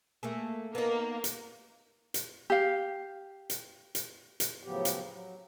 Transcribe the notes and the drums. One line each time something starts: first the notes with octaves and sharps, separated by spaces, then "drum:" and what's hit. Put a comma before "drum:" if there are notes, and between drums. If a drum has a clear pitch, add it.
A3 A#3 G#4
A#3 B3 D#4
drum: hi-hat
drum: hi-hat
G4 F5
drum: hi-hat
drum: hi-hat
drum: hi-hat
A2 C#3 F3 F#3 B3 G4
drum: hi-hat
F#3